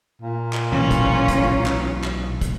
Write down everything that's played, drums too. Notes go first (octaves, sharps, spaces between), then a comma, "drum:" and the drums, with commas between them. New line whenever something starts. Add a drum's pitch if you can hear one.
A#2
drum: clap
B1 E3 C#4 F4
drum: kick, hi-hat
drum: kick, hi-hat
drum: clap
drum: clap
drum: kick, hi-hat